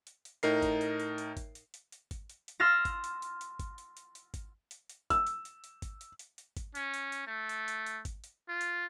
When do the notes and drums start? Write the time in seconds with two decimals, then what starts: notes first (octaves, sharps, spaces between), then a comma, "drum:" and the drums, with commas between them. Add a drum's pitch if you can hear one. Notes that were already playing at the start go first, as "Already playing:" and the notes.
0.07 drum: hi-hat
0.25 drum: hi-hat
0.43 A2 D#4 A#4 C7, drum: hi-hat
0.62 drum: kick G#1, hi-hat
0.81 drum: hi-hat
1.00 drum: hi-hat
1.18 drum: hi-hat
1.37 drum: kick G#1, hi-hat
1.55 drum: hi-hat
1.74 drum: hi-hat
1.92 drum: hi-hat
2.11 drum: kick G#1, hi-hat
2.30 drum: hi-hat
2.48 drum: hi-hat
2.60 C6 E6 F6 A6 A#6
2.85 drum: kick G#1, hi-hat
3.04 drum: hi-hat
3.22 drum: hi-hat
3.41 drum: hi-hat
3.59 drum: kick G#1, hi-hat
3.78 drum: hi-hat
3.97 drum: hi-hat
4.15 drum: hi-hat
4.34 drum: kick G#1, hi-hat
4.71 drum: hi-hat
4.89 drum: hi-hat
5.10 E6, drum: kick G#1, hi-hat
5.27 drum: hi-hat
5.45 drum: hi-hat
5.64 drum: hi-hat
5.82 drum: kick G#1, hi-hat
6.01 drum: hi-hat
6.19 drum: hi-hat
6.38 drum: hi-hat
6.57 drum: kick G#1, hi-hat
6.75 C#4, drum: hi-hat
6.94 drum: hi-hat
7.12 drum: hi-hat
7.27 A3
7.49 drum: hi-hat
7.68 drum: hi-hat
7.87 drum: hi-hat
8.05 drum: kick G#1, hi-hat
8.24 drum: hi-hat
8.49 F4
8.61 drum: hi-hat